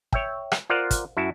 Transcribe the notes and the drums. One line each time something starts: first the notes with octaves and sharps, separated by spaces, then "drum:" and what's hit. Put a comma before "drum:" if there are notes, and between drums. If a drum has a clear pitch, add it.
C#5 E5 G5, drum: kick
drum: rim click
F4 A#4 C5 D5 F5 F#5
drum: kick, hi-hat
F#2 E4 F#4 A5